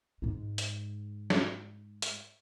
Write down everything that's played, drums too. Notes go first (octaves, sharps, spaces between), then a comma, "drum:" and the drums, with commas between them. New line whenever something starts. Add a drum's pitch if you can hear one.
G#2 G#3
drum: hi-hat
drum: snare
drum: hi-hat